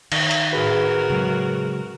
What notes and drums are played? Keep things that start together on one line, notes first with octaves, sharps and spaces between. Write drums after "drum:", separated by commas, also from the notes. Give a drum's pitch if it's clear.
D#3, drum: cymbal
drum: hi-hat
A2 F#4 G#4 A#4 B4
C#3 F#3 G#3